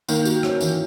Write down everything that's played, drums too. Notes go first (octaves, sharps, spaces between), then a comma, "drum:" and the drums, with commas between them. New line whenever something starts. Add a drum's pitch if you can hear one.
D#3 A#3, drum: tambourine
F#4, drum: tambourine
C#4, drum: rim click
E3, drum: tambourine